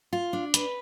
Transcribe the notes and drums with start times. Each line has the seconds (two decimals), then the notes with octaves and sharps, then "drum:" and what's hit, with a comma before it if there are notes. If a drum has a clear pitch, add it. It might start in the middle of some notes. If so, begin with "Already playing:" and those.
0.13 F4
0.33 D4
0.54 B4, drum: hi-hat